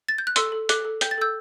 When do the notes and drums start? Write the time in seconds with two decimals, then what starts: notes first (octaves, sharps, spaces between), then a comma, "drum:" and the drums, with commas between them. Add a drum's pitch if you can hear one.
0.08 A6
0.18 G6
0.27 F#6
0.36 A4 C6 E6, drum: hi-hat
0.52 A4
0.69 A4 D6 F#6, drum: hi-hat
0.85 A4
1.01 G5 G6, drum: hi-hat
1.11 A6
1.18 A4 E6 G6